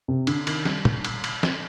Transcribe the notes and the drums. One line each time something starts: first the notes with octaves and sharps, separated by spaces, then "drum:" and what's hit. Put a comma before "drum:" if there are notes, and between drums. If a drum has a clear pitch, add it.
C3
D3, drum: cymbal
D#3, drum: cymbal
G3, drum: snare
drum: tom
drum: cymbal
drum: cymbal
drum: snare